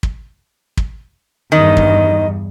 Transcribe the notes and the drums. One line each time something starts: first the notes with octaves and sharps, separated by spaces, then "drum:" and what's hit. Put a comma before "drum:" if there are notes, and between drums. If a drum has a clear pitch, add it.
drum: kick
drum: kick
E2 G2 D#3 D#5
drum: kick